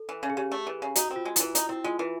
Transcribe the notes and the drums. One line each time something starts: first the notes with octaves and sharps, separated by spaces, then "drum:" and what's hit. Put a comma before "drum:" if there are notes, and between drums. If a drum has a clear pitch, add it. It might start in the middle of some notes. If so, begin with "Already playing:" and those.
Already playing: A4
E3
C#3
G#4
C#3 G4
A3
E3
C#3
D#4 F#4, drum: hi-hat
C4
F4
G#3
E3 E4, drum: hi-hat
D#4, drum: hi-hat
C4 E4
G#3 F4
E3 E4